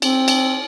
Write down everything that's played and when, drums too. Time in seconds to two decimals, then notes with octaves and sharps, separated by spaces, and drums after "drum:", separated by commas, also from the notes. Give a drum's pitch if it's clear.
0.02 C4, drum: cymbal
0.28 drum: cymbal